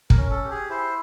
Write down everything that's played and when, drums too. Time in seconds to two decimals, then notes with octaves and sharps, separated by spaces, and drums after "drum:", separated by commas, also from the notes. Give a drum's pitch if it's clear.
0.10 A#4, drum: kick
0.17 C#4
0.30 A4
0.44 G4
0.51 G#4
0.70 E4 C5